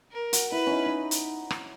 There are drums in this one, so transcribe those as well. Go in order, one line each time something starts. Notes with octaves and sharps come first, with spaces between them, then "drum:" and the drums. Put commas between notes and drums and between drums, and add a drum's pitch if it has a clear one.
A#4
F#4, drum: hi-hat
E4 B4
C#4 D#4
D#4
drum: hi-hat
drum: rim click